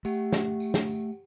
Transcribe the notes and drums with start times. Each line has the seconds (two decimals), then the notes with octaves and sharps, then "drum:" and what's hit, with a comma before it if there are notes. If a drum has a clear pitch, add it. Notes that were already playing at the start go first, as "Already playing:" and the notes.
0.05 A3 G4 F#5, drum: tambourine
0.33 drum: snare
0.60 drum: tambourine
0.74 drum: snare
0.88 drum: tambourine